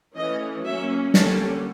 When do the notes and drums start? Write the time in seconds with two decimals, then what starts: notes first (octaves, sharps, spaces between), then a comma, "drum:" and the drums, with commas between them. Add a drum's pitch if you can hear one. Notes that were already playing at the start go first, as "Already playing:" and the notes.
0.16 E3 A3 C#4 D#5
0.65 F#3 A#3 C#4 E5
1.14 D3 G3 A#3 C#4 A5, drum: snare